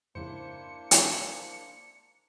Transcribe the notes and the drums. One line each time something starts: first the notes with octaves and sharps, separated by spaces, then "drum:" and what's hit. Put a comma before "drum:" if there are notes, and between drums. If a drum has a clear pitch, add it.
F2 G#2 C#3 A#3 D4 E4 C5 C#7
drum: hi-hat